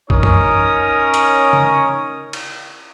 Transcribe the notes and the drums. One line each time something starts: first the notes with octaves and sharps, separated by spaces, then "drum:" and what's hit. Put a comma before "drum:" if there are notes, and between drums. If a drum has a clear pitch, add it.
C#4 D#4 A#4 C#5 D#6, drum: kick A#1
drum: tom F#2
drum: hi-hat
drum: tom C#3
drum: cymbal